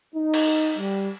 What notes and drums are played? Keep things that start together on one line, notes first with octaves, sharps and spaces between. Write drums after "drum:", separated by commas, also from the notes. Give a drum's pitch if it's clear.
D#4
drum: cymbal
G3